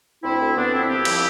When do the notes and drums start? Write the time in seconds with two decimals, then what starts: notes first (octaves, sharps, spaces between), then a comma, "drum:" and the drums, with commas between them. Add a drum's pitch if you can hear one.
0.23 D2 C4 E4
0.40 D2
0.56 D2 B3 D4
0.73 F3 C4 E4
0.89 C2 E4 G4
1.05 F3, drum: cymbal